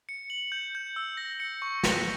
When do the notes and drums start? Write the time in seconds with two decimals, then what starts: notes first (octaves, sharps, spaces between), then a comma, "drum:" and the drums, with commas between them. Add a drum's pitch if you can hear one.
0.09 C#7
0.30 F#7
0.52 G6
0.75 G6
0.96 E6
1.17 A#6
1.40 C#7
1.62 C#6
1.84 A#6, drum: snare